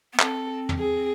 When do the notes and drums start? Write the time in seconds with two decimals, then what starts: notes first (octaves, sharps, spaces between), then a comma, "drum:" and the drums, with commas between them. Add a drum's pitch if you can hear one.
0.13 B3
0.20 C4 A4, drum: clap
0.69 drum: tom
0.79 G#4